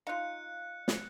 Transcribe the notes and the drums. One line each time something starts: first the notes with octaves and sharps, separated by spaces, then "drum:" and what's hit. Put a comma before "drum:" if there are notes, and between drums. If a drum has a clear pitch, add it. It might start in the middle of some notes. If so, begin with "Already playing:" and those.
D#4 F4 F5 F#6 C#7
drum: snare